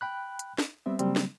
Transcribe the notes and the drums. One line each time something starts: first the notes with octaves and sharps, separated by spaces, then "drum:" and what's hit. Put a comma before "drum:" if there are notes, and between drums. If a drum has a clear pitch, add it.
G5 B5 F#6
drum: hi-hat
drum: snare
G3 B3 C4 E5
C#3 F#3 G3 A#3 C4, drum: hi-hat
drum: snare